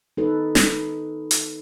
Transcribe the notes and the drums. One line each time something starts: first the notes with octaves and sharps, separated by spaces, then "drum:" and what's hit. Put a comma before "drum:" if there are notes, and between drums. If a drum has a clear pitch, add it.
D#4 A4 B4
drum: snare
drum: hi-hat